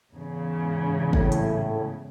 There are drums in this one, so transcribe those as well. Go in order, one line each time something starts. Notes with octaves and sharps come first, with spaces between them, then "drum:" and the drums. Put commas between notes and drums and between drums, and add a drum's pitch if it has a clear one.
E2 G#2 C#3
A2 A3, drum: kick
drum: hi-hat